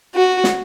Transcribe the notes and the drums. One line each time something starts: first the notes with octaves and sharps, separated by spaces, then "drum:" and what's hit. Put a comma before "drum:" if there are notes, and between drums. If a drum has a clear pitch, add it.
F#4
drum: snare